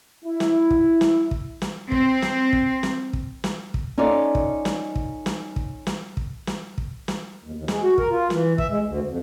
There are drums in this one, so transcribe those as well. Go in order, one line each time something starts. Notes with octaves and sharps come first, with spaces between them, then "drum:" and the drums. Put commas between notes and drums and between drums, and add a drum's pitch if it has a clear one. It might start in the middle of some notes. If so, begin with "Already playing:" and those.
E4
drum: snare
drum: kick
drum: snare
drum: kick
drum: snare
C4, drum: kick
drum: snare
drum: kick
drum: snare
drum: kick
drum: snare
drum: kick
C#4 D#4 F4 A4 D5
drum: kick
drum: snare
drum: kick
drum: snare
drum: kick
drum: snare
drum: kick
drum: snare
drum: kick
drum: snare
D#2
D#2
G#3, drum: snare
F#4
A#4, drum: kick
F4
E3, drum: snare
E5, drum: kick
G#3
D2
F2